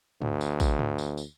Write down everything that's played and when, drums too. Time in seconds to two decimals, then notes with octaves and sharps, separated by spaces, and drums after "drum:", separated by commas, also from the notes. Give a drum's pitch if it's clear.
0.22 D2, drum: tom
0.41 drum: tambourine
0.60 drum: kick, tambourine
0.79 drum: tom
0.98 drum: tambourine
1.17 drum: tambourine